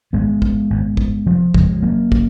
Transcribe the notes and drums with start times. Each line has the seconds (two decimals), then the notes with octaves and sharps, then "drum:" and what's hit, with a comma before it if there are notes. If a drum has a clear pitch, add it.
0.13 G#1 G#3 B3
0.42 G#2, drum: kick
0.70 G#1
0.97 G#2, drum: kick
1.26 F1 F3
1.54 F2 C#3 F3 G#3, drum: kick
1.82 F1 F#3 A#3
2.12 C#3, drum: kick